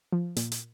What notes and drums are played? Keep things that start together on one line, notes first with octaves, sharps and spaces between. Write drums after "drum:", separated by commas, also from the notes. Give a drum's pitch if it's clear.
F3
A#2, drum: hi-hat
drum: hi-hat